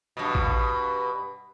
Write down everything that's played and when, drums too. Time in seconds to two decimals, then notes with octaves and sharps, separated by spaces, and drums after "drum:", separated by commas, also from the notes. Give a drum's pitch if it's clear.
0.17 G2 B2
0.35 drum: kick A1